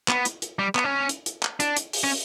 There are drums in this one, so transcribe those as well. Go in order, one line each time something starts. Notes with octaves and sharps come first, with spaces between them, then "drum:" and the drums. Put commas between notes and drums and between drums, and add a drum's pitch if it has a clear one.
B3, drum: clap
drum: hi-hat
drum: hi-hat
G3
B3, drum: clap
C#4
drum: hi-hat
drum: hi-hat
drum: clap
D4, drum: hi-hat
drum: hi-hat
drum: open hi-hat
C#4